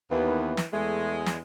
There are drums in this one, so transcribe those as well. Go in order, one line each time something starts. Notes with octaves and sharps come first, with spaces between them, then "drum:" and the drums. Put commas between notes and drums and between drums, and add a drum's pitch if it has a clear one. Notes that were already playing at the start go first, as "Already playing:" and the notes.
D#2 E3 B3
drum: snare
E2 G#3 A3
drum: snare